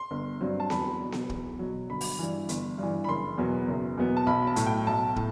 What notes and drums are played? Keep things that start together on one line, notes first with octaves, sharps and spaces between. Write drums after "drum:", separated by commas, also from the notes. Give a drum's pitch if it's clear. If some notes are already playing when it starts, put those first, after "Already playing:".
Already playing: C6
G1
G2 F#3 C4
A5
E2 B5, drum: snare B3
B2 F#3
drum: snare B3
E2, drum: kick
B2 F#3
G1 B5
drum: open hi-hat
G2 E3
G1, drum: hi-hat
G2 E3
B5
F#1 C6
E2 B2 F#3 B3
F#1
E2 B2 F#3 B3
A5
B1 B5
A5
A2 F#3, drum: hi-hat
G5
B1 A5
A2, drum: kick